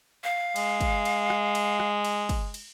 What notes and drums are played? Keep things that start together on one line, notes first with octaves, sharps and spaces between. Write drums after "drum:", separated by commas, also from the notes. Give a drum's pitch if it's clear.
F5
G#3, drum: cymbal
drum: kick, cymbal
drum: cymbal
drum: rim click
drum: cymbal
drum: rim click
drum: cymbal
drum: kick, cymbal
drum: cymbal